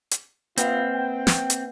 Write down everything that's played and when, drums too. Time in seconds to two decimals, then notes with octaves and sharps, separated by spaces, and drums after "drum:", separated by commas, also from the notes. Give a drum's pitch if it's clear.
0.11 drum: hi-hat
0.58 A#3 C4 F4 B4 F#5, drum: hi-hat
0.95 G5
1.27 drum: snare
1.50 drum: hi-hat